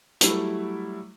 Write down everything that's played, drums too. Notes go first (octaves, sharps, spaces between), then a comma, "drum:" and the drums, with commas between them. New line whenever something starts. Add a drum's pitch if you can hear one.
F#3 G3 A3 E4, drum: hi-hat